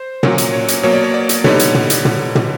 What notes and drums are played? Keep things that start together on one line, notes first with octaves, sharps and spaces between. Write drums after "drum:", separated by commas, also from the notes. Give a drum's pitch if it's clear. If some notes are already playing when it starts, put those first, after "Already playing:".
Already playing: C5
A#2 F#3 A#3 C#4, drum: tom
drum: hi-hat
C#5
drum: hi-hat
B2 F#3 A#3 C#5
D5
C#5
D5
drum: hi-hat
D3 G3 B3 D#4 C#5, drum: tom
drum: hi-hat
drum: tom
drum: hi-hat
drum: tom
drum: tom